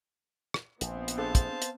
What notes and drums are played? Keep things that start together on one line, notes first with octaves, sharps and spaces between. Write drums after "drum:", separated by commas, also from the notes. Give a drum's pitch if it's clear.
drum: rim click
A#1 B3 C4, drum: hi-hat
drum: hi-hat
D4 G#4 A4 C5 F5 A5
drum: kick, hi-hat
drum: hi-hat